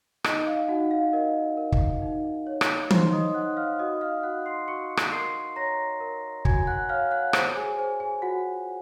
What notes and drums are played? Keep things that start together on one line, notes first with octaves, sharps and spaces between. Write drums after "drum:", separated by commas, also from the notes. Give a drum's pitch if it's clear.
D#4 D#5, drum: rim click
F5
D#4 F#4 F#5
F5
A#4 D#5
A#4
drum: kick
D#4
C#5
drum: rim click
D#4 C5 C6, drum: tom E3
D#5 D#6
D#4 F#5 F#6
F5 F6
F#4 D#5 D#6
F5 F6
F#4 F#5 F#6
C6 C7
F#4 C#6 C#7
drum: rim click
A#4 C6 C7
C#5 A#5 A#6
A#4
F#4 G#5 G#6, drum: kick
F#5 F#6
C#5 F5 F6
F#5 F#6
C5, drum: rim click
G#4 G#5
G#4 C5 G#5
G#4 G#5
F4 F#4 F#5